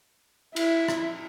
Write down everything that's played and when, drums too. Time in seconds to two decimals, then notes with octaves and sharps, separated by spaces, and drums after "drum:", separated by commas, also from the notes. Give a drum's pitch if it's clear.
0.56 E4, drum: cymbal
0.88 drum: rim click